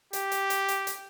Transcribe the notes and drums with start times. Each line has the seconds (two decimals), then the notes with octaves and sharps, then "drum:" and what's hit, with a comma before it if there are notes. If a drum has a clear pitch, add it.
0.13 G4, drum: hi-hat
0.32 drum: hi-hat
0.50 drum: hi-hat
0.68 drum: hi-hat
0.87 drum: hi-hat